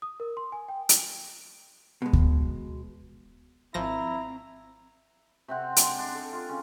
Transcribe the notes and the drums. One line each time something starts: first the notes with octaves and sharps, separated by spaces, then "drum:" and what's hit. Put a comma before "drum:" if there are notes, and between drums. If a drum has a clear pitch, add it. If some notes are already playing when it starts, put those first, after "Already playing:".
D#6
A#4
C6
G#5
G5
drum: hi-hat
B2 G#3
drum: kick D2
G#1 F3 C4 E4 A#5 A#6
C3 C4 F#5
G#3 D4, drum: hi-hat
D4
A4
F4
C#3 C#4